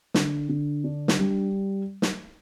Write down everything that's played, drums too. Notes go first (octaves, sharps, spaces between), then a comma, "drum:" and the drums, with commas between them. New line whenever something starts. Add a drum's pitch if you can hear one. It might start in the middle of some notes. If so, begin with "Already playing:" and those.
D3, drum: snare
D3
D4
drum: snare
G3
drum: snare